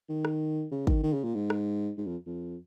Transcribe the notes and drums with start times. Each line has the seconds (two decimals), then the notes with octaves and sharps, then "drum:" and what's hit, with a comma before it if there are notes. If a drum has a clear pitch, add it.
0.09 D#3
0.25 drum: rim click
0.71 C#3
0.87 D#3, drum: kick
1.03 D#3
1.13 C#3
1.24 A#2
1.34 G#2
1.50 drum: rim click
1.98 G#2
2.07 F2
2.26 F2